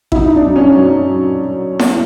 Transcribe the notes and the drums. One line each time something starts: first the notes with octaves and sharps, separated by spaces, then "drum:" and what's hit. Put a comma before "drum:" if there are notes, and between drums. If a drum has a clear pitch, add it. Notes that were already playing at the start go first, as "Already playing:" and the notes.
E4, drum: kick A1
F#2 D#4
D4
F#2
C#4
F#2
drum: snare E4